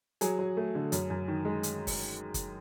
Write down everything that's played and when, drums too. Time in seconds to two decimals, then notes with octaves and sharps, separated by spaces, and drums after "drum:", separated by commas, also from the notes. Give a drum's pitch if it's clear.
0.21 F#3 G#4, drum: hi-hat
0.39 F#3
0.57 A3
0.75 D3
0.92 F#2, drum: hi-hat
1.10 F#2
1.28 D#3
1.45 G#3
1.63 drum: hi-hat
1.87 drum: kick, open hi-hat
2.34 drum: kick, hi-hat